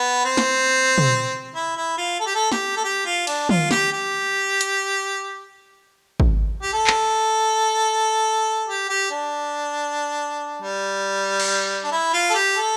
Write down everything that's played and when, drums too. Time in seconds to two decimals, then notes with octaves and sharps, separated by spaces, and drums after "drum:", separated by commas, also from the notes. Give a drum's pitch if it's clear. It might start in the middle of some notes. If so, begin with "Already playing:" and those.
Already playing: B3
0.25 C4
0.37 drum: snare
0.98 drum: tom
1.55 E4
1.77 E4
1.98 F4
2.20 A4
2.27 G4
2.35 A4
2.52 G4, drum: snare
2.76 A4
2.84 G4
3.06 F4
3.27 D4, drum: cymbal
3.49 F4, drum: tom
3.71 G4, drum: snare
3.92 G4
4.61 drum: hi-hat
6.20 drum: kick G#1
6.63 G4
6.73 A4
6.87 drum: clap
8.68 G4
8.89 G4
9.11 D4
10.62 G3
11.40 drum: cymbal
11.84 D4
11.92 E4
12.13 F4
12.30 A4
12.35 G4
12.56 A4